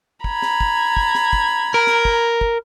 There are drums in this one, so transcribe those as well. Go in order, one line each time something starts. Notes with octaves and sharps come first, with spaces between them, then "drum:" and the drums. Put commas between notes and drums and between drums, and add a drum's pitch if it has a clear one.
A#5 B5 G#6, drum: kick
drum: snare
drum: kick
drum: kick
drum: snare
drum: kick
A#4
drum: snare
drum: kick
drum: kick